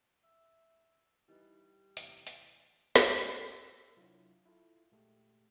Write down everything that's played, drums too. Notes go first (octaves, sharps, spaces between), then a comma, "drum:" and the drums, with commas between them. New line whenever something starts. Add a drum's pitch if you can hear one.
E5
E3 G3 D#4 B4
E2 A2 C3, drum: hi-hat
drum: hi-hat
D#1, drum: snare
G4 E6 F#6
C3 F#3 D4 E4 F4
E4 F4 A4
A#2 G#3 A3 G4